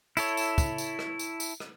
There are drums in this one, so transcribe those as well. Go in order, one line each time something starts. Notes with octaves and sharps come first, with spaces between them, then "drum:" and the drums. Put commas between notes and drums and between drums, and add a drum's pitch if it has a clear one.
E4 A4 C#5, drum: tambourine
drum: tambourine
drum: kick, tambourine
drum: tambourine
drum: rim click
drum: tambourine
drum: tambourine
drum: rim click